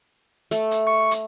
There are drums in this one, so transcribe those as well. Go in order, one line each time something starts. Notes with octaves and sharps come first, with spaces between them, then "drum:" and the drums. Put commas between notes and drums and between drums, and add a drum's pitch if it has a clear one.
A3, drum: hi-hat
drum: hi-hat
C#6
drum: hi-hat